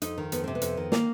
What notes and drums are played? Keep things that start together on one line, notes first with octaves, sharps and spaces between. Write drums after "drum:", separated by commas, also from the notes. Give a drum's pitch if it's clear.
F2 D#4, drum: hi-hat
D#3
F2 B3, drum: hi-hat
C3 C4
B3
F2, drum: hi-hat
D#3
A#3, drum: snare